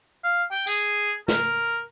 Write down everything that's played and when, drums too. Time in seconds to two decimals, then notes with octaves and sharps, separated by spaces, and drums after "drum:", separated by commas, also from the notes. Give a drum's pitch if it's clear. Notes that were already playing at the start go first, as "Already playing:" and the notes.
0.24 F5
0.52 G5
0.67 G#4, drum: tambourine
1.28 A#4, drum: snare